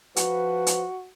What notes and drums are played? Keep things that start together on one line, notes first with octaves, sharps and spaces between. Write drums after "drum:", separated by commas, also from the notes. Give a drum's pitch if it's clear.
F3 F#4 B4, drum: hi-hat
drum: hi-hat